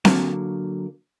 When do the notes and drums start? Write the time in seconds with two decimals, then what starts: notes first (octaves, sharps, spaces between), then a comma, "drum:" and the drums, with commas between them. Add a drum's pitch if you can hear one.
0.05 D3 F#3 A#3, drum: snare C4